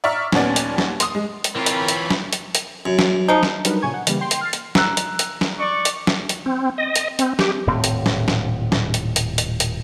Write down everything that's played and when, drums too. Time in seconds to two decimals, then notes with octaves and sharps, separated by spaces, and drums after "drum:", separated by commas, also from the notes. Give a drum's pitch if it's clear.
0.04 D5 E5 A#5 C#6 F6
0.32 D#2 A#2 B3 C#4 D5, drum: snare
0.56 drum: hi-hat
0.78 drum: snare
1.00 C6 D#6, drum: hi-hat
1.15 G#3
1.44 drum: hi-hat
1.55 E3 C4 F4 A#4 C#5 B5
1.66 drum: hi-hat
1.88 drum: hi-hat
2.10 drum: snare
2.33 drum: hi-hat
2.55 drum: hi-hat
2.86 F#2
2.99 drum: snare
3.28 F3 D#4
3.43 drum: snare
3.65 F#3 G3 D4 D#4 A#4 B4, drum: hi-hat
3.82 A#2 C#3 G#5 C#6 G#6
3.94 F#5
4.07 C#3 E3 G3 A#3, drum: hi-hat
4.21 G5 C6 C7
4.31 drum: hi-hat
4.41 F6 A6 C7
4.53 drum: hi-hat
4.75 A#5 E6 F#6, drum: snare
4.97 drum: hi-hat
5.19 drum: hi-hat
5.41 drum: snare
5.59 D5 C#6
5.85 drum: hi-hat
6.07 drum: snare
6.29 drum: hi-hat
6.46 C4
6.78 D#5
6.96 drum: hi-hat
7.19 C4, drum: hi-hat
7.39 G4, drum: snare
7.67 D#1 A2 C4
7.84 drum: hi-hat
8.06 drum: snare
8.28 drum: snare
8.72 drum: snare
8.94 drum: hi-hat
9.16 drum: hi-hat
9.38 drum: hi-hat
9.60 drum: hi-hat